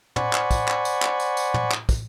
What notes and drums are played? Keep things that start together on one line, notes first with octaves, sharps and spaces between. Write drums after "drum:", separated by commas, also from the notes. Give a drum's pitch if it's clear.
C5 D5 F#5 G#5 B5 C#6, drum: tom
drum: clap
drum: kick, tambourine
drum: clap
drum: tambourine
drum: clap
drum: tambourine
drum: tambourine
drum: tom
drum: clap
drum: kick, tambourine